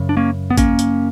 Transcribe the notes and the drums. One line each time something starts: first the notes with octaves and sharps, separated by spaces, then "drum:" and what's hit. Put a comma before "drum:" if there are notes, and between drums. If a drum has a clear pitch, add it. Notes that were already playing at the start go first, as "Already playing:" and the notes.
Already playing: F#2 C#3
D4
A#3 C#4
B3
A#3 C#4, drum: kick, hi-hat
drum: hi-hat